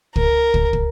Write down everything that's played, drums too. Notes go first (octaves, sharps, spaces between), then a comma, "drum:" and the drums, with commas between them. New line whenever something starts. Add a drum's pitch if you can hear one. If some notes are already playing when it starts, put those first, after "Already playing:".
A#4, drum: kick
drum: kick
drum: kick